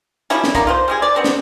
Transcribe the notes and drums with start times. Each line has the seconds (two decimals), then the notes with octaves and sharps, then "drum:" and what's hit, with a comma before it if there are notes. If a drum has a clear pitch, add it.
0.30 F3 G3 C#4 E4, drum: hi-hat
0.44 drum: snare
0.55 D3 A#3 D#4 D5, drum: kick, hi-hat
0.67 F4 B4 C5
0.88 G3 G#3 G#4
1.02 D5
1.15 B3 C4 D4
1.24 drum: snare